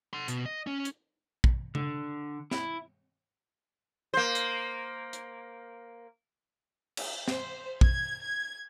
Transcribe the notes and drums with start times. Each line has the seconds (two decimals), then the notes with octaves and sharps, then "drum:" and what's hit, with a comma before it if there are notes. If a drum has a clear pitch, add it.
0.13 F#5 C6
0.28 B2, drum: hi-hat
0.46 D#5
0.67 C#4
0.85 drum: hi-hat
1.44 drum: kick
1.75 D3, drum: tom C#3
2.51 E4, drum: snare
4.14 A#3 C5
4.35 drum: hi-hat
5.13 drum: hi-hat
6.97 drum: cymbal
7.28 C5, drum: snare
7.81 G#6, drum: kick
8.20 G#6